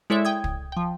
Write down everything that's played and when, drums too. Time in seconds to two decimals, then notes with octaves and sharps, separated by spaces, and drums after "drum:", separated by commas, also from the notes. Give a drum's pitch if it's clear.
0.10 G#3 E4 A4 C#5 D5 E5
0.25 G5 D#6 G#6
0.44 drum: kick
0.72 F3 G5